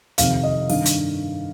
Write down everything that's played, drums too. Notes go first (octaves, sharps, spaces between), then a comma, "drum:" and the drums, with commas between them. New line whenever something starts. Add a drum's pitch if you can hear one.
F2 C3 D#3 F5, drum: hi-hat
D#5
G2 D#3 F5, drum: open hi-hat
drum: hi-hat